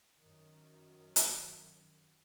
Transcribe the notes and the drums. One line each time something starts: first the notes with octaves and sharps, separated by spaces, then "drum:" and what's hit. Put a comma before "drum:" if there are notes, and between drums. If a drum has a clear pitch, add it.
F#2 D#3
drum: hi-hat